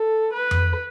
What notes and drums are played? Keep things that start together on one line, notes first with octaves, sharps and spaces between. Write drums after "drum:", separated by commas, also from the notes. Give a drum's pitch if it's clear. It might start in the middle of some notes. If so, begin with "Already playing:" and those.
Already playing: A4
B4
drum: tom F2